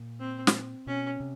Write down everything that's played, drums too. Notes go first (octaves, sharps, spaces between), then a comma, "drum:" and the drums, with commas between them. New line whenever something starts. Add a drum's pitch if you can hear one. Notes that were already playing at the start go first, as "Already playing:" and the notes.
Already playing: A#2
C4
drum: snare
B2 C#4
C3